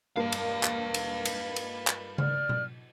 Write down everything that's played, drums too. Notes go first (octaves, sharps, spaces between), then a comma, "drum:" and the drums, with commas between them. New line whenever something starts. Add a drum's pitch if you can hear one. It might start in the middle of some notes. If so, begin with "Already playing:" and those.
G2 A#3 B4 F5
drum: cymbal
drum: clap
drum: cymbal
drum: cymbal
drum: cymbal
drum: clap
D5 F6, drum: tom C#3
drum: tom B2